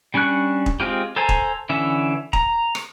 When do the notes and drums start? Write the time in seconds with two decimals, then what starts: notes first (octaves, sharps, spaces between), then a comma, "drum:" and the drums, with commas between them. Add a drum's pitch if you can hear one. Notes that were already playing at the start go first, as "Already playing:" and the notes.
0.14 G3 C#4 D4 C#6 F#6
0.66 drum: kick E1
0.80 G#3 C4 F4 G4
1.16 A4 C5 G#5 A#5
1.29 drum: kick E1
1.69 D3 E3 C#4 E5
2.33 A#5, drum: kick E1
2.75 drum: rim click